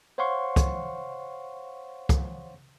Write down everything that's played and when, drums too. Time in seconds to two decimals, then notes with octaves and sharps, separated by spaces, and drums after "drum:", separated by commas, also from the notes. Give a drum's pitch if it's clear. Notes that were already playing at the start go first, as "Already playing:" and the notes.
0.18 C5 C#5 F5 F#5 C6 C#6
0.56 drum: kick, hi-hat
2.09 drum: kick, hi-hat